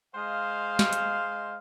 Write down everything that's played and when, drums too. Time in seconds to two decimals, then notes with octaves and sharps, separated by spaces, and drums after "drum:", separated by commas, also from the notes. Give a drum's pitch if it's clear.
0.15 G#3 C5 D#5 F5
0.79 drum: snare
0.93 drum: hi-hat